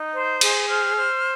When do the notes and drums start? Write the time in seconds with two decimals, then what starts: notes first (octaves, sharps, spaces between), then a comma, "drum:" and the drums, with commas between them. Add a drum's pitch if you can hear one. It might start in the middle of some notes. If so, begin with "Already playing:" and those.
Already playing: D#4
0.14 C5
0.41 G#4, drum: cymbal
0.69 C5 F6
0.97 C5